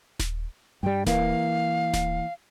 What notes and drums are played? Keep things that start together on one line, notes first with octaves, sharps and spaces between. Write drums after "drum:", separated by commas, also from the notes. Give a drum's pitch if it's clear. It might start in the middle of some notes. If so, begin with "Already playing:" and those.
drum: snare D#1
G2 G3 G5
E3 A#3 F5, drum: snare D#1
drum: snare D#1